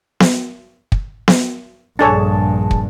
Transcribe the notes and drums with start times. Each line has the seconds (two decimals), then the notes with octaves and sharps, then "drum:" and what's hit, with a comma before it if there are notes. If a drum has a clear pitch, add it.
0.20 drum: snare B3
0.92 drum: kick
1.28 drum: snare B3
1.99 A#1 G2 D4 G#4 A4 C#5 A5
2.71 drum: kick